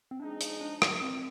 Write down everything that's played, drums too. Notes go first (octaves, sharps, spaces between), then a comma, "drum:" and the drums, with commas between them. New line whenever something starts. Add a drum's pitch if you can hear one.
C4
F3 G#3 D4 D#4 G#4
drum: hi-hat
D4
drum: rim click
C4